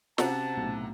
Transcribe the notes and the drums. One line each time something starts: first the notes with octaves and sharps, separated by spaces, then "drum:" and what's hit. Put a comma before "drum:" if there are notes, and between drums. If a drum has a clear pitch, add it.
C3 C#4 F#4 C5 F#5 A5 A#5, drum: snare
B1 A2